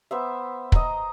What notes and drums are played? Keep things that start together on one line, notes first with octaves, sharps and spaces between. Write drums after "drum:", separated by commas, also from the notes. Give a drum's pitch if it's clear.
B3 C5 E5
D#5 A#5, drum: kick